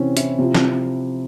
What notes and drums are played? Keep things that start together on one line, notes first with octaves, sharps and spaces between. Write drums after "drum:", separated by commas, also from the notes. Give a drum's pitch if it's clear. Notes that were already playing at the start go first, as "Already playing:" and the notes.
Already playing: C3 E3 C4 C#4
E4, drum: hi-hat
C3 F3
drum: snare